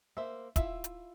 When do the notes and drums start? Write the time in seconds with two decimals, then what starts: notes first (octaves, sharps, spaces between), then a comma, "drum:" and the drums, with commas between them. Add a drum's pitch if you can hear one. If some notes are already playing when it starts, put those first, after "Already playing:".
0.17 A#3 C5 E5
0.56 E4 F4 E5, drum: kick, hi-hat
0.84 drum: hi-hat